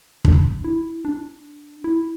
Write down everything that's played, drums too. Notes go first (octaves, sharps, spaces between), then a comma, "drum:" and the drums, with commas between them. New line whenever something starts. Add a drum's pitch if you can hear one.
D4, drum: kick
E4
D4
E4